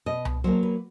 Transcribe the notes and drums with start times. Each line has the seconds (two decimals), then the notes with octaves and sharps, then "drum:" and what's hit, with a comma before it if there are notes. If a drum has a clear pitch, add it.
0.06 B2 D#5
0.25 drum: tom C2
0.44 F#3 A#3 C5
0.63 B4